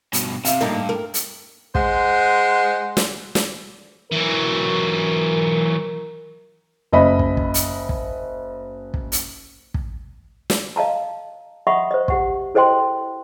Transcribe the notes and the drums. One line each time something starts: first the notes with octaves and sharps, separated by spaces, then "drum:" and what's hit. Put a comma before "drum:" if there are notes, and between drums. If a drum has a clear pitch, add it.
G2 B2, drum: hi-hat
C3 E5 F5, drum: hi-hat
G2 A#3 D#4, drum: tom
A#4
drum: hi-hat
G#3 C5 F#5, drum: kick
drum: snare
drum: snare
E3 F#3 A#4
F#1 D#5 B5
drum: kick
drum: kick
drum: hi-hat
drum: kick
drum: kick
drum: hi-hat
drum: kick
drum: snare
D#5 F5 A5 A#5
D#5 E5 F#5 B5 C#6 D#6
C5 D#5
G4 F#5 C#6, drum: kick
E4 A4 C5 D#5 G5 C6